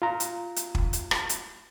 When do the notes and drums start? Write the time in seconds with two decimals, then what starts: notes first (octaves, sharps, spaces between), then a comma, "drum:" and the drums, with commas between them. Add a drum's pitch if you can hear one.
0.02 F4 A#5
0.20 drum: hi-hat
0.56 drum: hi-hat
0.75 drum: kick
0.93 drum: hi-hat
1.11 drum: rim click
1.29 drum: hi-hat